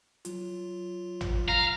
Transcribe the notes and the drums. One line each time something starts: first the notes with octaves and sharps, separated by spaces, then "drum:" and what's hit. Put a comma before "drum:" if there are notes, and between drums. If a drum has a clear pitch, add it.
F#3 F4, drum: hi-hat
drum: tom
F5 A#5